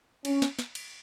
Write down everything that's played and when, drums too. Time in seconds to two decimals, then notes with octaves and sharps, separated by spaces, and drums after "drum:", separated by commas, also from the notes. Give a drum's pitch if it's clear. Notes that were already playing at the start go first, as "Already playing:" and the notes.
0.25 C#4, drum: cymbal
0.42 drum: snare
0.59 drum: snare
0.75 drum: cymbal